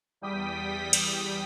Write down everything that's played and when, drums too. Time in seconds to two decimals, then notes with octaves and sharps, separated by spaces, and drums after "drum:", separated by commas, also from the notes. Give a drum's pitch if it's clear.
0.21 E2 G3 G5 D#6 B6
0.93 drum: cymbal